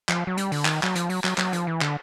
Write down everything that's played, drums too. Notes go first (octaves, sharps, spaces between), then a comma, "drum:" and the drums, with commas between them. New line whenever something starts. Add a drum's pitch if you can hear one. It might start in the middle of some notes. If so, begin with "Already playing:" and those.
F3, drum: clap
F#3
G3, drum: hi-hat
D3, drum: open hi-hat
D#3, drum: clap
F#3, drum: clap
F3, drum: hi-hat
F#3, drum: open hi-hat
F#3, drum: clap
F#3, drum: clap
F3, drum: hi-hat
E3
D3, drum: clap